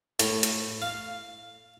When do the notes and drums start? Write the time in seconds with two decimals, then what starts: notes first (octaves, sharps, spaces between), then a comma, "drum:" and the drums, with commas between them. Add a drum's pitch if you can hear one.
0.19 A2, drum: hi-hat
0.43 drum: hi-hat
0.82 F5